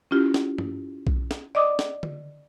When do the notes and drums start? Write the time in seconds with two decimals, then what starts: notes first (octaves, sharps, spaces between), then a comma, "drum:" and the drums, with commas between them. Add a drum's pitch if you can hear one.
0.11 C#4 E4 F4 G4
0.34 drum: snare
0.58 drum: tom
1.07 drum: kick B1
1.31 drum: snare
1.55 D5 D#5 D6 D#6
1.79 drum: snare
2.03 drum: tom D3